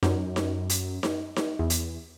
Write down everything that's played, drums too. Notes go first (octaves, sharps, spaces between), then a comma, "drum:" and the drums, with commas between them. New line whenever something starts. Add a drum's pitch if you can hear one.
F#2, drum: snare D#4
drum: snare D#4
drum: hi-hat
drum: snare D#4
drum: snare D#4
E2
drum: hi-hat